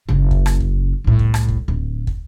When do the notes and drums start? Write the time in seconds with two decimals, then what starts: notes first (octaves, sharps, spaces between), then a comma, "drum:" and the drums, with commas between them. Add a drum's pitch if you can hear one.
0.09 F#1 C#3
0.31 drum: kick
0.46 drum: rim click
0.60 drum: kick
1.04 C2 A2
1.19 drum: kick
1.34 drum: rim click
1.48 drum: kick
1.68 D1
2.07 drum: kick